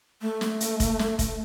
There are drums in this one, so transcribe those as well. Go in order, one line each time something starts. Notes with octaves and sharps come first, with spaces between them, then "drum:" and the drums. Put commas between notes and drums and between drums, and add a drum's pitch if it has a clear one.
A3
drum: snare
drum: hi-hat
drum: kick F1, hi-hat
drum: snare
drum: kick F1, hi-hat